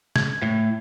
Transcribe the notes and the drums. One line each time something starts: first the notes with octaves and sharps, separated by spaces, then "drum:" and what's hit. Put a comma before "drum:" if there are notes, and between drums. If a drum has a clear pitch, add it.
G#6, drum: snare
A2